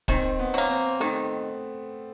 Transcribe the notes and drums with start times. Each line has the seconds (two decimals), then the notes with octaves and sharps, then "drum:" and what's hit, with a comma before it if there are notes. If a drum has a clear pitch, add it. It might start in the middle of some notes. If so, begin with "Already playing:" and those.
0.08 D#3 C4, drum: kick
0.39 B3
0.54 F#3 A#3
0.70 C4
1.00 D#3 A3